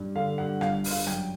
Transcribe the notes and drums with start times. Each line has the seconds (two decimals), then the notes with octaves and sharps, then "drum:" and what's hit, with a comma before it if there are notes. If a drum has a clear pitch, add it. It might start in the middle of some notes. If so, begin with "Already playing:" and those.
Already playing: G2
0.16 D3 F5
0.38 G2 F#5
0.61 G1 F5, drum: rim click
0.84 G2, drum: open hi-hat
0.91 F5
1.07 F#2 G5, drum: rim click